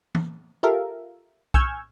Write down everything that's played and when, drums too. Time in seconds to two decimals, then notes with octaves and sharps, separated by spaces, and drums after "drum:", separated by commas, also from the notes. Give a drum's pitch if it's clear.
0.15 drum: tom
0.63 F4 G4 A4 A#4 E5 F5
1.54 G#5 C#6 E6 F6 G6 G#6, drum: kick B1